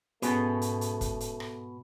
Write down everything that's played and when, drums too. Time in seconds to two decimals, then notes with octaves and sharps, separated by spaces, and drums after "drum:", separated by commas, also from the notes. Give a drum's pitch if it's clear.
0.22 G#2 B2 A3 B3 C#4 G#4, drum: hi-hat
0.62 drum: hi-hat
0.81 drum: hi-hat
1.01 drum: kick, hi-hat
1.20 drum: hi-hat
1.40 drum: rim click